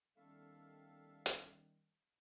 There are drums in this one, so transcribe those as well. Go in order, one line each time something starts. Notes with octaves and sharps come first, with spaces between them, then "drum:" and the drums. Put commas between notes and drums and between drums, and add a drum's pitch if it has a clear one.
D#3 G3 B3 C#4 A4 E5 F5
drum: hi-hat